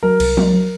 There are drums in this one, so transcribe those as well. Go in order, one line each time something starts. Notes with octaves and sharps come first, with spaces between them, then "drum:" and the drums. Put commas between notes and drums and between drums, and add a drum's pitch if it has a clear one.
F#3 A#4
C2, drum: cymbal
F#3, drum: tom
F#3